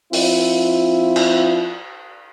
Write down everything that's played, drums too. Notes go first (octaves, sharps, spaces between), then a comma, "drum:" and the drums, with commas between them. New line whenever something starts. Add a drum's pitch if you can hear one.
F3 C4 E4 F4, drum: open hi-hat
drum: cymbal